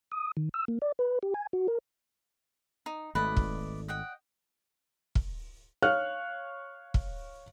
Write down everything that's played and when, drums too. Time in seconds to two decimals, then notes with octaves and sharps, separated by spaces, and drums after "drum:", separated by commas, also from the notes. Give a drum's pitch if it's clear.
0.12 D#6
0.37 D#3
0.54 E6
0.68 A#3
0.82 D5
0.99 B4
1.23 G4
1.34 G#5
1.53 F#4
1.68 A#4
2.86 D#4
3.15 G#1 A3 B4 D5 D#5
3.37 drum: kick
3.88 D#5 F#5 G5
5.15 drum: kick
5.82 C#5 F5 F6 F#6
6.94 drum: kick